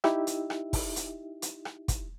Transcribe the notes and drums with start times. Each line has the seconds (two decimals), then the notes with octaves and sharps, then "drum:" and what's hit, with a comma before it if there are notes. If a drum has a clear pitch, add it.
0.04 D#4 E4 G4 E5, drum: rim click
0.27 drum: hi-hat
0.50 drum: rim click
0.73 drum: kick, open hi-hat
0.96 drum: hi-hat
1.42 drum: hi-hat
1.65 drum: rim click
1.88 drum: kick, hi-hat